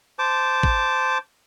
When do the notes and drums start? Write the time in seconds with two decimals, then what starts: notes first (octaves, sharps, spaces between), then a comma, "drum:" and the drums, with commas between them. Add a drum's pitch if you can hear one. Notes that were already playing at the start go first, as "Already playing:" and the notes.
0.19 C5 A5 D6
0.63 drum: kick